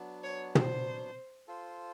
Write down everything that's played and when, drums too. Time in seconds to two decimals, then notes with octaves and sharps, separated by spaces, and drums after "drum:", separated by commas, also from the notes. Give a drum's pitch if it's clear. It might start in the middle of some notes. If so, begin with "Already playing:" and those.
Already playing: F#3 B3 D4
0.23 C#5
0.55 C5, drum: tom
1.48 F4 A4 C5